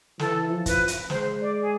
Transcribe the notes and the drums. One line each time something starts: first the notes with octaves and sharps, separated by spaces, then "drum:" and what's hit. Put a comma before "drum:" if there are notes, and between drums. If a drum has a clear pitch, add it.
E3 A4, drum: snare
F3
B4, drum: kick, hi-hat
drum: hi-hat
G#3 C5, drum: snare
D5
G#4